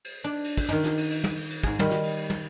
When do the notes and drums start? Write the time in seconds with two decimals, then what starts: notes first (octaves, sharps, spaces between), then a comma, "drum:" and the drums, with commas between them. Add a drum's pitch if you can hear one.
0.04 drum: cymbal
0.24 D4
0.44 drum: cymbal
0.57 drum: kick, cymbal
0.69 D#3 D#4, drum: tom
0.84 drum: snare
0.97 drum: cymbal
1.10 drum: cymbal
1.24 drum: tom
1.37 drum: cymbal
1.50 drum: cymbal
1.64 G#2 G#4, drum: kick
1.79 D#3 G3, drum: tom
1.90 drum: snare
2.03 drum: cymbal
2.17 drum: cymbal
2.30 drum: tom